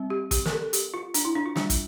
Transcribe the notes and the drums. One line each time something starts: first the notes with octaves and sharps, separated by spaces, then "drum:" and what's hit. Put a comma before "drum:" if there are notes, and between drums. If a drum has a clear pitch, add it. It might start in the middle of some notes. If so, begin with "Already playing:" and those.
Already playing: G3 C4
G4
G4, drum: kick, hi-hat
A#4, drum: snare
A4
G4, drum: hi-hat
F4
D4, drum: hi-hat
E4
D4
F4
G3 D4 F4, drum: snare
drum: kick, hi-hat